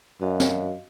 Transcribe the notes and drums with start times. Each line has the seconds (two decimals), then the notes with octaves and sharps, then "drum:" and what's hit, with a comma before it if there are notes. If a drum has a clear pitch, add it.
0.21 F#2 F#4 D#5 F5
0.40 drum: snare